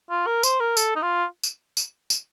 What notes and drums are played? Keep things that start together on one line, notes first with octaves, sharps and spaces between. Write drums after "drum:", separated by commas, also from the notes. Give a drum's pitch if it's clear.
F4
A#4
C5, drum: tambourine
A#4
A4, drum: tambourine
D#4
F4
drum: tambourine
drum: tambourine
drum: tambourine